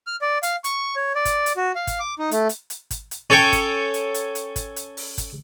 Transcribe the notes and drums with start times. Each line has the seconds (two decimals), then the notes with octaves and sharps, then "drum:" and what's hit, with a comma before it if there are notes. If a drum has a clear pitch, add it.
0.07 F6
0.21 D5
0.43 F5, drum: hi-hat
0.64 C#6, drum: hi-hat
0.96 C#5
1.15 D5
1.25 drum: kick, hi-hat
1.46 drum: hi-hat
1.57 F#4
1.76 F5
1.87 drum: kick, hi-hat
1.99 D6
2.19 D#4
2.31 A3, drum: hi-hat
2.49 drum: hi-hat
2.70 drum: hi-hat
2.91 drum: kick, hi-hat
3.11 drum: hi-hat
3.30 C#4 A4 C#5 G5
3.52 drum: kick, hi-hat
3.94 drum: hi-hat
4.14 drum: hi-hat
4.35 drum: hi-hat
4.56 drum: kick, hi-hat
4.76 drum: hi-hat
4.97 drum: open hi-hat
5.18 drum: kick, hi-hat